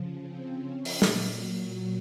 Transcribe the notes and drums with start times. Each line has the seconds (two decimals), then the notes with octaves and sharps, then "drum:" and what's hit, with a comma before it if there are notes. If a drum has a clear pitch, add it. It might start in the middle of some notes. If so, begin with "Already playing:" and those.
Already playing: C#3 F3
0.25 C4
0.64 C#4
0.85 drum: open hi-hat
1.02 A#2 F#3, drum: snare